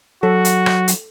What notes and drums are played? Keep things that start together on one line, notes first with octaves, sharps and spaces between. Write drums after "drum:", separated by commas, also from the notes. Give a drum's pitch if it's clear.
F#3 F#4 A4
drum: hi-hat
drum: rim click
drum: hi-hat